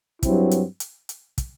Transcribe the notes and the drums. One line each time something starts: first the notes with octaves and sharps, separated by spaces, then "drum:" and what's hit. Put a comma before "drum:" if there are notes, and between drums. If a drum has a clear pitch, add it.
G2 F#3 C4 E4, drum: kick, hi-hat
drum: hi-hat
drum: hi-hat
drum: hi-hat
drum: kick, hi-hat